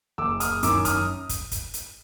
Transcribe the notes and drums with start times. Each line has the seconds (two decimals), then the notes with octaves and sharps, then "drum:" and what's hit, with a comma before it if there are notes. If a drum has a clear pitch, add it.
0.18 F#1 D6 E6
0.40 D#6 F6, drum: hi-hat
0.63 F#2 D#3 D6 E6, drum: hi-hat
0.85 D#6 F6, drum: kick, hi-hat
1.29 drum: kick, hi-hat
1.51 drum: kick, hi-hat
1.74 drum: hi-hat